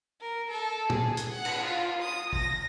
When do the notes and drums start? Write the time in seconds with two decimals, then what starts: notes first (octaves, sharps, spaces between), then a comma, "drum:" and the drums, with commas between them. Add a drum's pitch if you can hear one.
0.21 A#4
0.51 A4
0.90 G#4, drum: tom
1.17 drum: hi-hat
1.30 F#5
1.45 drum: cymbal
1.64 F4
2.02 D#6
2.33 A#6, drum: kick